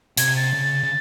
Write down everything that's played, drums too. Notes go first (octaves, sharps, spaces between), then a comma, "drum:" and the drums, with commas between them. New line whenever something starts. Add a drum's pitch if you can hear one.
C3 G#6, drum: hi-hat
A6
C#3
C#3